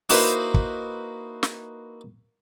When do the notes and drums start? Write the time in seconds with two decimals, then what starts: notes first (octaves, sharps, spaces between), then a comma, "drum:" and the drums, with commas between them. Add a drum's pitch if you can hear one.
0.09 A#3 D#4 E4 F#4 B4 C5, drum: open hi-hat
0.54 drum: kick
1.43 drum: snare